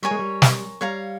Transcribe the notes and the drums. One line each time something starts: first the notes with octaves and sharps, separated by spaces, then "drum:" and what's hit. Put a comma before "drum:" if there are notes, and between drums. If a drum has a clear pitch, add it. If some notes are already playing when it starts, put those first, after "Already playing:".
G3 A#4 C#5 G#5 C#6
G#3
G3
drum: snare
G3 C#5 F5 A#5